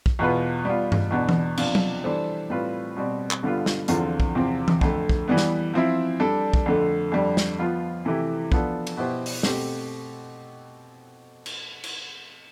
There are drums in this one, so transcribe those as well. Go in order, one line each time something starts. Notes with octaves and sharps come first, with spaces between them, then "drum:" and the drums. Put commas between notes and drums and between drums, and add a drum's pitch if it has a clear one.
drum: kick
E2 B2 B3 F4 B4
G3 B3 F4
drum: tom G2
E2 B2 B3 D4
drum: tom E3
C3 F3 B3 D4 F4, drum: cymbal
drum: tom F#3
E3 G3 D4 A4 C5
A2 G3 C4 F4 B4
B2 G3 C4
drum: clap
G2 D3 G3 B3 F4
drum: snare
E2 D3 F3 C4 F4, drum: hi-hat
drum: kick
E2 C3 F3 C4
drum: tom E3
F2 D3 A3, drum: kick
drum: kick
E3 G3 B3
drum: snare
F3 C4 E4
G3 D4 A4
drum: kick
F2 D3 A3
F2 D3 G3
drum: snare
F3 B3 F4
C3 E3 A3 E4 G4
F3 B3 D4 A4, drum: kick
drum: cymbal
B2 B3 E4 G4 C5
drum: open hi-hat
B2 A3 C4 G4, drum: snare
drum: cymbal
drum: cymbal